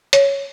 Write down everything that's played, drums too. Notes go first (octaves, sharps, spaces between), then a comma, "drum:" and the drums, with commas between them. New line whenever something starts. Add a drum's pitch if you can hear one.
C#5, drum: hi-hat